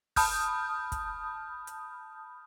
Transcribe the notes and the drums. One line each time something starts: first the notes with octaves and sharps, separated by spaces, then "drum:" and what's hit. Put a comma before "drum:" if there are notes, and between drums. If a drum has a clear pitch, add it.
A5 B5 D#6 F6 G6, drum: kick, open hi-hat
drum: kick, hi-hat
drum: hi-hat